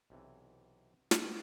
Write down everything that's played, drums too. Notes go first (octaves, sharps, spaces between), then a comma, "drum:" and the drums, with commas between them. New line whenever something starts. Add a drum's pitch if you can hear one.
B1 C3 E3
drum: snare